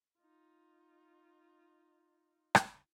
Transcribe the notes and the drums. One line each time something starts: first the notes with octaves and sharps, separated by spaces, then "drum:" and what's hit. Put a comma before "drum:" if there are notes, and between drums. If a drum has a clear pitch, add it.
D#4 F4
drum: rim click